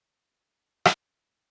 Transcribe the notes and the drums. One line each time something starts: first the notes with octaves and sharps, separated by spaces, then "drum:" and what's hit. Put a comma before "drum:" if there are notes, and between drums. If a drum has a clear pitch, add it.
F4 A#4 C#5 F5 F#5
drum: rim click